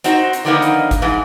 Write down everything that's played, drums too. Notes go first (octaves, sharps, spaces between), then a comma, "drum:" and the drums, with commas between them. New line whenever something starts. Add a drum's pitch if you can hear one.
C4 D#4 F#4 C5, drum: hi-hat
drum: hi-hat
D3 D#3 F3 A#3 B3 D#4
drum: hi-hat
drum: kick G1, hi-hat
F2 G#2 E3